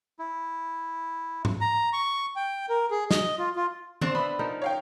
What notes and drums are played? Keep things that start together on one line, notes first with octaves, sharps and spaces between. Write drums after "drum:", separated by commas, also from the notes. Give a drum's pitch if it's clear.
E4
drum: tom G#2
A#5
C#6
G5
A#4
G#4
D#5, drum: snare
F4
F4
C4 D4 C5, drum: tom D#3
B3 E5 B5
F3 D#4 A#4
C#5 F5 G5